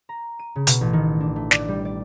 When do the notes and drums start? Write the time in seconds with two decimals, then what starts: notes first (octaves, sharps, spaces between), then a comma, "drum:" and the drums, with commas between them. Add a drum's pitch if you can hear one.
0.09 A#5
0.39 D#7
0.56 C#3
0.67 B2, drum: hi-hat
0.81 A1
0.93 D#3
1.21 D4
1.36 A3
1.51 D5, drum: snare
1.69 G3
1.85 D5